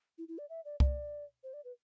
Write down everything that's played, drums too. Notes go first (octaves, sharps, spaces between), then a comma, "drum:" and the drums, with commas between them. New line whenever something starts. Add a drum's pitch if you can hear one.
E4
E4
D5
E5
D5
D5, drum: kick C2
C5
D5
B4